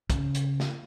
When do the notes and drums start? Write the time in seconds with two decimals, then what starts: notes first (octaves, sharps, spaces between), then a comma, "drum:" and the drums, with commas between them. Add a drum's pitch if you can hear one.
0.10 C#3, drum: kick, hi-hat
0.35 drum: hi-hat
0.60 drum: snare